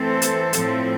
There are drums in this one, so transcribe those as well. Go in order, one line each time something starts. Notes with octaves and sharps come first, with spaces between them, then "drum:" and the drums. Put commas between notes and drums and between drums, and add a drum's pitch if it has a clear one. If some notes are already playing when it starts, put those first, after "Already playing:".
Already playing: E3 A3 C4 A4 C5
drum: hi-hat
A2 F3 A3 C4, drum: hi-hat